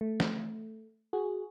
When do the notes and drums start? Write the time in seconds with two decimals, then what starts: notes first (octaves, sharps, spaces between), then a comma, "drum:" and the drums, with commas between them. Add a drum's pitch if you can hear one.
0.01 A3
0.20 drum: snare
1.13 F#4 G#4